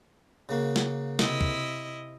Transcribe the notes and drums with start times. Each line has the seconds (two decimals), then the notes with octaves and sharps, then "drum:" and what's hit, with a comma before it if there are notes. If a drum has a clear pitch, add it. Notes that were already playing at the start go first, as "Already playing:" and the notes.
0.49 C#3 A#3 F#4
0.76 drum: snare
1.19 C3 E4 D#5, drum: snare
1.41 drum: kick